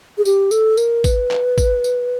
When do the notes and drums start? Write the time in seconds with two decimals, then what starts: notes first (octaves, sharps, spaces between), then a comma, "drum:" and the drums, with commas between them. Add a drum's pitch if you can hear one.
0.18 G#4
0.25 G4, drum: tambourine
0.51 A4, drum: tambourine
0.77 A#4, drum: tambourine
1.04 B4, drum: kick, tambourine
1.31 drum: clap
1.58 drum: kick, tambourine
1.84 drum: tambourine